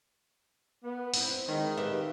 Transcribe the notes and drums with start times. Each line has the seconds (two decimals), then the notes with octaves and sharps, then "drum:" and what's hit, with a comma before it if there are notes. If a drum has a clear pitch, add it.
0.84 B3
1.14 C4 E4, drum: open hi-hat
1.48 D#3 G#3
1.77 G4 B4 E5